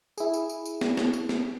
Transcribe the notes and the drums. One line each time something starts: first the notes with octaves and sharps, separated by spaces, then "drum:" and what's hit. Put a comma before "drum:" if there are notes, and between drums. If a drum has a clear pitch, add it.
E4 G#4, drum: tambourine
drum: tambourine
drum: tambourine
drum: tambourine
drum: snare
drum: snare
drum: tambourine
drum: snare